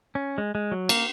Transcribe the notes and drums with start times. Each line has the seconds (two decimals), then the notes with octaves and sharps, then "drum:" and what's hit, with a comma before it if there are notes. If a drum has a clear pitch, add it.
0.15 C#4
0.38 G#3
0.55 G#3
0.72 F#3
0.89 A#3, drum: cymbal